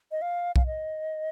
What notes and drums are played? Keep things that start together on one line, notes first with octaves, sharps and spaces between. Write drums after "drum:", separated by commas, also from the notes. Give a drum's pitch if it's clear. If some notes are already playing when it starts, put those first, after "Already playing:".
D#5
F5
F5, drum: kick
D#5